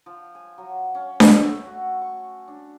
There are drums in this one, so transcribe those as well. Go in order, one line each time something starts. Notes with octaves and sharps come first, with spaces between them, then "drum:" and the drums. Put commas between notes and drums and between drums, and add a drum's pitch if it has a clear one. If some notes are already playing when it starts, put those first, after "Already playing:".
F3
G#5
F#3
C#4
drum: snare D4
A3
F#4
C#6
D4